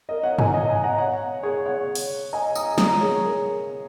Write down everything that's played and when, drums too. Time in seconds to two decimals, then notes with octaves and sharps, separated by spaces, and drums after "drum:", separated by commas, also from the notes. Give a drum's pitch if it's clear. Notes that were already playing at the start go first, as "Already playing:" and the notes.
0.09 A#4 D#5
0.23 C#5 F#5
0.39 D#5 G#5, drum: tom G2
0.54 D#5 G#5
0.69 D#5 G#5
0.83 F#5 A#5
0.98 C#5 F#5
1.43 G#4 C#5
1.66 C#5 F#5
1.95 drum: open hi-hat
2.33 D#5 G#5
2.55 A#5 D#6, drum: tambourine
2.78 A#5 D#6, drum: snare
3.01 G#4 C#5
3.23 A#4